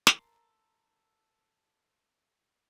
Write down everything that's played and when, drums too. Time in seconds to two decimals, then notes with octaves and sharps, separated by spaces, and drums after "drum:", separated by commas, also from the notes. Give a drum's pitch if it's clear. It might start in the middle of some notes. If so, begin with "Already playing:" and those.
0.07 A4 A#4 C6, drum: snare